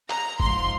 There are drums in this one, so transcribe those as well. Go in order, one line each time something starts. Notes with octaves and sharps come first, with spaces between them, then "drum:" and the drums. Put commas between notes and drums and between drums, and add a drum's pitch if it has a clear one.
A#5, drum: clap
G#2 F3 C6, drum: kick F1